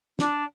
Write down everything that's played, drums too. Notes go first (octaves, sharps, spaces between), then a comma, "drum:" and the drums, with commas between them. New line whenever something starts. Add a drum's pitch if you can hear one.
D4, drum: snare